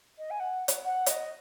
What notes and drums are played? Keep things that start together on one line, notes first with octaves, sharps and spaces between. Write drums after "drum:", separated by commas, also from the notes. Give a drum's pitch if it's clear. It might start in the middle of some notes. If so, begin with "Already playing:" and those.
D#5
G#5
F#5
drum: hi-hat
F#5
D#5, drum: hi-hat